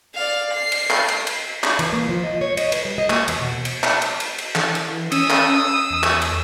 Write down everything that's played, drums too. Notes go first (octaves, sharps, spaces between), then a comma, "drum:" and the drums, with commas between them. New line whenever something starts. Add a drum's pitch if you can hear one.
D5 F5
C7
drum: cymbal
drum: clap
drum: cymbal
drum: cymbal
drum: clap
E3, drum: cymbal
A#3
F3
D#5
C#5
D#5, drum: cymbal
B4, drum: cymbal
G3
D#5
A#3, drum: clap
E2, drum: cymbal
B2
drum: cymbal
drum: clap
drum: cymbal
drum: cymbal
drum: cymbal
E3, drum: clap
drum: cymbal
C#4 D#6 E6, drum: cymbal
drum: clap
E2
drum: clap
drum: cymbal